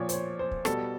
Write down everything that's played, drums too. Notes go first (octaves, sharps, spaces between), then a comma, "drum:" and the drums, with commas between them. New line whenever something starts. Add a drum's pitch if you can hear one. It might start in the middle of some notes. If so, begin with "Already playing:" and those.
Already playing: A#2 F3 C#5 D5
C5, drum: hi-hat
C#5
C5
drum: kick
B2 G3 A4, drum: rim click